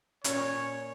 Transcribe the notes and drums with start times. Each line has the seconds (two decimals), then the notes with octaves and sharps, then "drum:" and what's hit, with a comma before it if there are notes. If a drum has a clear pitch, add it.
0.24 A#2 C#4 C#5, drum: hi-hat